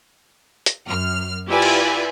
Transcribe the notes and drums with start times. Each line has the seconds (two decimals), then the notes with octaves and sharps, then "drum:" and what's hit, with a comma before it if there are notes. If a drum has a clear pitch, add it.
0.66 drum: hi-hat
0.87 F#2 F6
1.49 E4 F4 G4 B4 D5 G#5
1.62 drum: cymbal